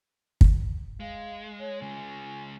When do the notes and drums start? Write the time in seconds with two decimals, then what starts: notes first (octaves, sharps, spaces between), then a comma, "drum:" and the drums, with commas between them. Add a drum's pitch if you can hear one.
0.41 drum: kick
1.00 G#3 F5
1.60 C#5
1.82 C#3 G#3 G#5